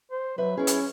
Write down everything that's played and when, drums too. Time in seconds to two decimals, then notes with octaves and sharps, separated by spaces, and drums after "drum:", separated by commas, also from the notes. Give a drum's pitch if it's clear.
0.11 C5
0.38 F#3 B4 E5
0.57 C#4 E4 G#4
0.67 drum: hi-hat